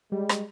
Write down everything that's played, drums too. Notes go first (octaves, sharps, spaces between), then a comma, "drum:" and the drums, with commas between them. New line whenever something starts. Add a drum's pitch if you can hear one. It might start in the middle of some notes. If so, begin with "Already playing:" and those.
G3 G#3
drum: rim click